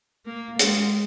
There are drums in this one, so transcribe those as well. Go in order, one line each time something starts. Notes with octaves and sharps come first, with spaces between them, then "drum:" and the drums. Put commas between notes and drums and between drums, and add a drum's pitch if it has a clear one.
A#3
G#3, drum: hi-hat